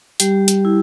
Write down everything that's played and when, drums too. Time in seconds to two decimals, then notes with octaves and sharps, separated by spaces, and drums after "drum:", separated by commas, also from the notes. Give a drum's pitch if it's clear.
0.20 G3 G4, drum: hi-hat
0.48 drum: hi-hat
0.65 E4